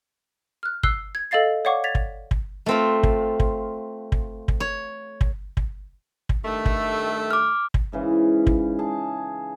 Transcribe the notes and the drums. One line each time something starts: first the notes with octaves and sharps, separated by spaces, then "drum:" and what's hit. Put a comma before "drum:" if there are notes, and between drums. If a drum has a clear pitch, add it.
F6 F#6
E6 F#6 C7 G7, drum: kick
G#6
A4 D#5 F5 A6 C7
C#5 D5 F5 F#5 C#6 D6
G#6 A6 B6 F7
drum: kick
drum: kick
A3 C4 F4
drum: kick
drum: kick
drum: kick
drum: kick
C#5
drum: kick
drum: kick
drum: kick
G2 D#3 A3
drum: kick
D6 F6
drum: kick
G#2 C#3 E3
drum: kick
G#4 A5